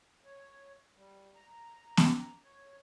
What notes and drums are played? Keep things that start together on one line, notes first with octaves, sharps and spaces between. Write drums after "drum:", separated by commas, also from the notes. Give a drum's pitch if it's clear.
C#5
G3
A#5
drum: snare B3
C#5